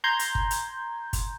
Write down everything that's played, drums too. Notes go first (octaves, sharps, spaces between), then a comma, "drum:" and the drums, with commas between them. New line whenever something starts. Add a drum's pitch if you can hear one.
A#5 C6 G6 G#6
drum: hi-hat
drum: kick G1
drum: hi-hat
drum: kick G1, hi-hat